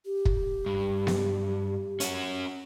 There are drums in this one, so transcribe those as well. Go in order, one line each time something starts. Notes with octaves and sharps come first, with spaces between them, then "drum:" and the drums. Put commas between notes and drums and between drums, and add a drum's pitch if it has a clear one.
G4
drum: kick
G2
drum: snare B3
C#4 F#4, drum: hi-hat